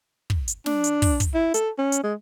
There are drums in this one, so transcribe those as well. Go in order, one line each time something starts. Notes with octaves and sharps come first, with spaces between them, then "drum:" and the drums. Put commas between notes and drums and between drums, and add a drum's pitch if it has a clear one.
drum: kick
drum: hi-hat
D4, drum: snare
drum: hi-hat
drum: kick, open hi-hat
drum: kick, hi-hat
E4
A4, drum: hi-hat
C#4
drum: hi-hat
G#3